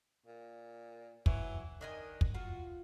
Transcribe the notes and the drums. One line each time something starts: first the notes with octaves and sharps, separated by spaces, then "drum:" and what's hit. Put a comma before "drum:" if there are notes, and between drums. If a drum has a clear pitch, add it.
A#2
E3 F#3, drum: kick
D#3 D4 D#5 G#5
drum: kick
F4 F#4